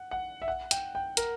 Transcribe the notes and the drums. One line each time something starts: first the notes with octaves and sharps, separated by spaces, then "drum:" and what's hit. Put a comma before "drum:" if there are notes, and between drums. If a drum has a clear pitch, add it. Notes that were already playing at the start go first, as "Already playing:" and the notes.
Already playing: F#5
F#5
E5
F#5
G5, drum: hi-hat
G5
A#4, drum: hi-hat